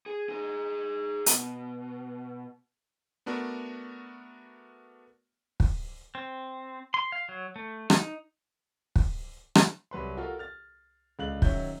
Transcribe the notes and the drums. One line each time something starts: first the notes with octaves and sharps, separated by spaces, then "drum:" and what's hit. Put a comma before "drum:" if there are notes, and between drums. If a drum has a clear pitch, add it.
G#4
G#4 C5
B2, drum: hi-hat
A3 B3 D4 F#4 A#4
drum: kick
C4
C6
F5
F#3
A3
D#4, drum: rim click
drum: kick
drum: rim click
C2 F#3 B4 C6
F4 F#4 A4 A#4 F5
F6 A6
C#2 D3 F5 F#6 F#7
D#3 F#3 C#4 E5 G6, drum: kick